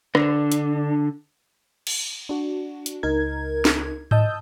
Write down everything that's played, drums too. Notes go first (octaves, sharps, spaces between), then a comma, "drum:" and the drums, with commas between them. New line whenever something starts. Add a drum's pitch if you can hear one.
D3 D4, drum: rim click
drum: hi-hat
drum: cymbal
D4 F#4
drum: hi-hat
C#2 D#4 A#4 G#6
drum: snare
D#5 A5 D#6 E6 G6, drum: tom G#2